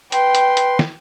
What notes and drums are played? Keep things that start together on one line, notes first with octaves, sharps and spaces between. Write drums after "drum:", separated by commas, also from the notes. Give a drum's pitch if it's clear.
B4 G5 C6, drum: hi-hat
drum: hi-hat
drum: hi-hat
drum: snare